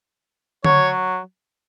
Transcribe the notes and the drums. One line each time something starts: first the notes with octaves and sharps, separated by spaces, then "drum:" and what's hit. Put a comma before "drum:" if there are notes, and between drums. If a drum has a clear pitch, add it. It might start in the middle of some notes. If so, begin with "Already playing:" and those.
F#3 C#5, drum: tom D3